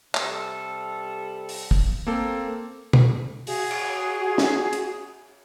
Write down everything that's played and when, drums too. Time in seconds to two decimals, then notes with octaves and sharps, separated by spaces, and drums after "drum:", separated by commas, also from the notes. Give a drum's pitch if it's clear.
0.15 C3 G3 A4, drum: clap
1.49 drum: open hi-hat
1.71 drum: kick
2.07 A#3 C4 A4
2.93 drum: tom B2
3.47 F#4 G#4, drum: open hi-hat
3.71 drum: cymbal
4.38 drum: snare
4.73 drum: hi-hat